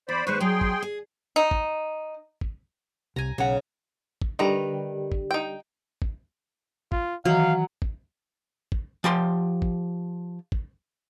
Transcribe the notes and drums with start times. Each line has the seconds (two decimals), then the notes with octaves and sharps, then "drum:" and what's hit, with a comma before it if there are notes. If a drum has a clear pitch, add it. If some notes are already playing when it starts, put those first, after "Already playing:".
0.09 E2 C5 D5 B5
0.27 D#2 G#3 B4 C5 D5 C#6
0.41 F#3 G#4 G5 C6
0.61 drum: kick
0.83 G#4
1.36 D#4
1.51 drum: kick
2.41 drum: kick
3.16 C2 G#5 A#5
3.38 B1 C#3 F#5 A#5
4.22 drum: kick
4.39 D3 D#3 G3 B4 A#5
5.12 drum: kick
5.31 D#4 G5
6.02 drum: kick
6.92 F4, drum: kick
7.25 D#3 E3 F#3 F5
7.82 drum: kick
8.72 drum: kick
9.04 F3 G4 C6
9.62 drum: kick
10.52 drum: kick